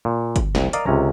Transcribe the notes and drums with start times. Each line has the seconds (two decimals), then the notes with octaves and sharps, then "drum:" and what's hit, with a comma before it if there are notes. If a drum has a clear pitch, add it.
0.05 A#2
0.36 drum: kick G1, hi-hat
0.55 C2, drum: snare
0.73 A#4 D5 D#5 F5 A#5, drum: hi-hat
0.86 C#2 C3 C#4 A#5